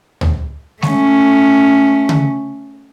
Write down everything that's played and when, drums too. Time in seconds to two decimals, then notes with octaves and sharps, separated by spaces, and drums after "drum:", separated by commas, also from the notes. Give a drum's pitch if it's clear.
0.21 drum: tom D2
0.82 A3 C#4, drum: snare G#3
2.09 drum: tom C#3